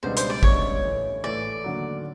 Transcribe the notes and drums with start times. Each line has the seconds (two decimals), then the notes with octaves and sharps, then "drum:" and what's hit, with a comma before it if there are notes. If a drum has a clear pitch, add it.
0.03 C#2 B2 G3 B3 D4 C5
0.17 C5, drum: hi-hat
0.30 D5
0.43 C#2 B2 G3 B3 D4 C#5, drum: kick
0.84 A2 E3 A3
1.24 A2 E3 A3 D5
1.64 D#2 D3 F#3